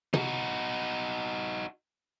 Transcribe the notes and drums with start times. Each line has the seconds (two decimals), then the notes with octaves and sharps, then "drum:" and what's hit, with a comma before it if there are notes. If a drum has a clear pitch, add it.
0.14 D#4 F#4, drum: tom